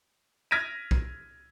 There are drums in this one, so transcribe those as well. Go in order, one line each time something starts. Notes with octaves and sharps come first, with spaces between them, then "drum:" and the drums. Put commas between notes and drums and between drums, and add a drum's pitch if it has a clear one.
F6 G#6 A#6 B6 D7 D#7
drum: kick